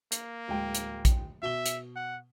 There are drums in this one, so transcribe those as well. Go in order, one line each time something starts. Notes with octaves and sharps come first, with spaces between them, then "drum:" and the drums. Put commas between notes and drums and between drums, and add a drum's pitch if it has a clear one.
A#3, drum: hi-hat
D1 G#3 G5
drum: hi-hat
drum: kick A#1, hi-hat
B2 E5 G7
drum: hi-hat
F#5